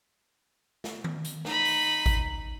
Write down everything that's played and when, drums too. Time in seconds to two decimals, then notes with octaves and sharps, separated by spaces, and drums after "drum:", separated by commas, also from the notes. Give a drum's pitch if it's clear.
0.84 drum: snare
1.04 drum: tom D#3
1.25 drum: hi-hat
1.45 D#4 B5, drum: snare
1.65 drum: open hi-hat
2.06 drum: kick G#1, hi-hat